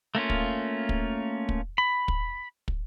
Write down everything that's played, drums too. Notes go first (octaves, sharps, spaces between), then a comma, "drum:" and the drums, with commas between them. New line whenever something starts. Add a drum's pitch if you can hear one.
A3 A#3 C#4 F4
drum: kick
drum: kick
drum: kick
B5
drum: kick
drum: kick